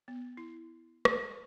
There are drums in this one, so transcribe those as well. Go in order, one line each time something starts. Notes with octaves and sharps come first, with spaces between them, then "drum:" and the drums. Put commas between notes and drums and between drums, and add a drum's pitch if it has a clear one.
B3
E4
drum: rim click